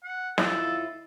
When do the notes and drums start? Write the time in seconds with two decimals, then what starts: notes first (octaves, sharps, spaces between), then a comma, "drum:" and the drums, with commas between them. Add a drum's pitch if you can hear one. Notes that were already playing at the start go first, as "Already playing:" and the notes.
0.04 F#5
0.38 D#2 E4 F4 A4, drum: snare